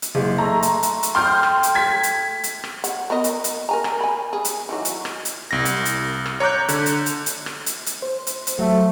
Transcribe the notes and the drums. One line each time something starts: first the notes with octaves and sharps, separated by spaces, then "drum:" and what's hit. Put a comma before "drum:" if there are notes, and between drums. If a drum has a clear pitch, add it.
drum: hi-hat
F#1 G#3
A3 A#5 C6
drum: hi-hat
drum: hi-hat
drum: hi-hat
G5 C6 D#6 F6 G6
drum: rim click
drum: hi-hat
G#6 B6
drum: hi-hat
drum: hi-hat
drum: rim click
F#5, drum: hi-hat
B3 A#4 D#5
drum: hi-hat
drum: hi-hat
A#4 G#5 A#5
drum: rim click
G#5 B5
G#4
drum: hi-hat
D#3 E3 F#3
drum: hi-hat
drum: rim click
drum: hi-hat
C2 A#6
drum: hi-hat
drum: hi-hat
drum: rim click
C#5 A#5 D6 F#6 G6
D3, drum: hi-hat
drum: hi-hat
drum: hi-hat
drum: hi-hat
drum: rim click
drum: hi-hat
drum: hi-hat
C5
drum: hi-hat
drum: hi-hat
F#3 A3